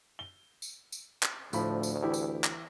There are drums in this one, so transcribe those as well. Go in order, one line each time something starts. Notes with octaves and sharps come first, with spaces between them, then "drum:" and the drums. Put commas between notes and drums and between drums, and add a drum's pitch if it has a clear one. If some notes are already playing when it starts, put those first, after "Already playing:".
G7
drum: tambourine
drum: tambourine
drum: clap
D2 A2 F3 B5, drum: tambourine
drum: tambourine
E3 E4 G4
drum: tambourine
drum: clap